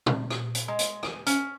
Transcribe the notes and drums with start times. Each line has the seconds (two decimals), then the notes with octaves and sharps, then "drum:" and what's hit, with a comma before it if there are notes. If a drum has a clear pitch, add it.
0.06 drum: tom A#2
0.31 drum: rim click
0.55 drum: hi-hat
0.68 G#3
0.79 drum: hi-hat
1.03 G#5, drum: rim click
1.26 C#4, drum: hi-hat